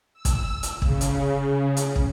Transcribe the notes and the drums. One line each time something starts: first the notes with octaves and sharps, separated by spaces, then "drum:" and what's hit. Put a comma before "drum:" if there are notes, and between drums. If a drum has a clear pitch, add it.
E6
drum: kick, hi-hat
drum: hi-hat
C#3, drum: kick
drum: hi-hat
drum: hi-hat
drum: kick